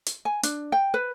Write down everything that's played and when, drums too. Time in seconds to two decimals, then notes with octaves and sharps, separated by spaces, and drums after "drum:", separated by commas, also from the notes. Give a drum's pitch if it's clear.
0.06 drum: hi-hat
0.25 G#5
0.43 D4, drum: hi-hat
0.72 G5
0.94 B4